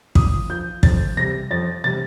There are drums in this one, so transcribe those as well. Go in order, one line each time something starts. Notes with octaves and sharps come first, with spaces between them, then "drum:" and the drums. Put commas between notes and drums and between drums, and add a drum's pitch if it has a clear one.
A#2 D#6, drum: kick
F3 G6
F2 A6, drum: kick
C3 G3 A#6
F2 A6
C3 G3 A6